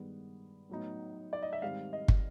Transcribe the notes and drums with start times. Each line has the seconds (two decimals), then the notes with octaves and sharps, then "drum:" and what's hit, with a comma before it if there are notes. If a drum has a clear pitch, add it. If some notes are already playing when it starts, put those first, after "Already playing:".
Already playing: G2 D#3 G#3 B3
0.70 A2 F#3 B3 D#4
1.33 D5
1.42 D#5
1.53 E5
1.62 G#2 D#3 G3 C4 F5
1.93 D#5
2.08 drum: kick